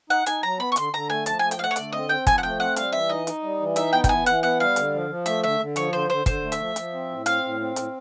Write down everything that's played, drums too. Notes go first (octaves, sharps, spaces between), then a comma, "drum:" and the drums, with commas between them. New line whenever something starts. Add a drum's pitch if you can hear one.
D#4 F#5
D#4 G#5, drum: hi-hat
F#3 A#5
B3 B5
C#6
D3 C6, drum: hi-hat
D3 A#5
A3 G#5
F3 A5, drum: hi-hat
A3 G#5
G5, drum: hi-hat
A3 F5 F#5
C#5
D3 D5, drum: hi-hat
C4 D#5
C4 G5
F3 G#5, drum: kick, hi-hat
F#5
A3 G5
C4 F#5
G3 F5, drum: hi-hat
E3 E5
D#4 D#5
D#4, drum: hi-hat
G3
E3
D#4 E5, drum: hi-hat
B3 G5
G5, drum: kick, hi-hat
E3 G#5
E3 F#5, drum: hi-hat
B3 F#5
G3 F5
D3, drum: hi-hat
F3
F3
A3 E5, drum: hi-hat
D3 E5
D3
F3 C#5, drum: hi-hat
D3 C5
D3 C5
D3 C5, drum: kick, hi-hat
A3
E5, drum: hi-hat
F3
F3, drum: hi-hat
C4
A2
C4 F5, drum: hi-hat
A2
C4
A2, drum: hi-hat